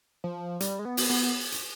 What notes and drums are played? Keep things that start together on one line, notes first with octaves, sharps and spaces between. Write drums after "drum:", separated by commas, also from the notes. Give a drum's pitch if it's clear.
F3
G3, drum: hi-hat
G#3
B3
drum: open hi-hat
B3
drum: hi-hat